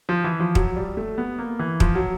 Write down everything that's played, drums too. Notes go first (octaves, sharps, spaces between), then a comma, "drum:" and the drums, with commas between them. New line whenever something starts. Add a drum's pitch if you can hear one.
F3
E3
F3
F#3, drum: kick
G3
A3
B3
A#3
E3
F3, drum: kick
F#3